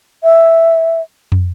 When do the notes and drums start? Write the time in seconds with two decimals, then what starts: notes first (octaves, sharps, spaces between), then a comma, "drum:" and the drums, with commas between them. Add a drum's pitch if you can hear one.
0.24 E5
1.32 drum: tom